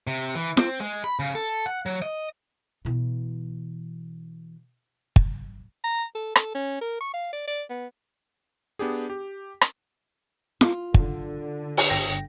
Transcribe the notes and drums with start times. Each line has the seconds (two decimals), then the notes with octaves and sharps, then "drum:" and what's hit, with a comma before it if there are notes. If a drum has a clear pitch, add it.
0.07 C3
0.35 E3
0.57 C4, drum: snare
0.80 G#3
1.04 B5
1.19 C#3
1.35 A4
1.66 F#5
1.86 F#3
2.02 D#5
2.85 B2 E3
5.16 drum: kick
5.84 A#5
6.15 A4
6.35 A4, drum: rim click
6.55 C#4
6.81 A#4
7.00 C#6
7.13 F5
7.32 D5
7.47 D5
7.69 B3
8.79 B3 D4 G4 G#4
9.10 G4
9.61 drum: rim click
10.61 F4, drum: snare
10.94 D3, drum: kick
11.77 drum: open hi-hat
11.90 G1 G5 A#6